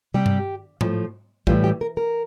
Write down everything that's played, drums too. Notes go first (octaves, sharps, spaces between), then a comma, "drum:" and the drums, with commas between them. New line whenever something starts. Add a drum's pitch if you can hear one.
C3 G3 G4
drum: tom G2
A2 F3, drum: tom G#2
A2 E3 G3 F4, drum: kick
G4
A#4
A#4